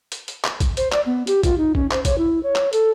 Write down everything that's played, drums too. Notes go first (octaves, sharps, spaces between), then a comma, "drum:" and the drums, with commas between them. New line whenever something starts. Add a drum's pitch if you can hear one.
drum: hi-hat
drum: hi-hat
drum: clap
drum: kick, hi-hat
C5, drum: hi-hat
D5, drum: clap
B3
G4, drum: hi-hat
F4, drum: kick, hi-hat
D#4
C#4, drum: kick
C5, drum: clap
C#5, drum: kick, hi-hat
E4
C#5
drum: clap
A4, drum: hi-hat